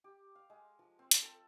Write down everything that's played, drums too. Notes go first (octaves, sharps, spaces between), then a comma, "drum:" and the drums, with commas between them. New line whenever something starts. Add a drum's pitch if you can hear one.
G4
F5
G#3
F3
C4
drum: hi-hat
A4